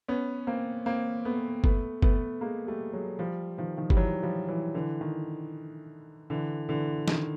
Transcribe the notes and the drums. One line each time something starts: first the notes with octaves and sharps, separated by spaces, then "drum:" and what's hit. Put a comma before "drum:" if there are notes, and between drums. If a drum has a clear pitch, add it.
B3 C#4
A#3 C4
A#3 C4
A3 B3
A3 B3, drum: kick G1
A3 B3, drum: kick G1
G#3 A#3
G3 A3
F#3 G#3
F3 G3
D#3 F3
D#3 F3
G3, drum: kick G1
E3 F#3
F3 G3
E3 F#3
D3 E3
D#3
D3 E3
D3 E3
D#3, drum: snare